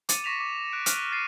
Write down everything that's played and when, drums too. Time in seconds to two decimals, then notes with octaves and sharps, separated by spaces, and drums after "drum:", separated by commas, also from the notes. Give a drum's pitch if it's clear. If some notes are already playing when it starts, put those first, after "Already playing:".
0.09 D6 A6 C#7 D#7, drum: hi-hat
0.24 C#6 A#6 B6 E7 F7
0.40 D6
0.72 F#6 D7
0.86 F6 F#6 D#7, drum: hi-hat
1.12 A6 C7 C#7 D#7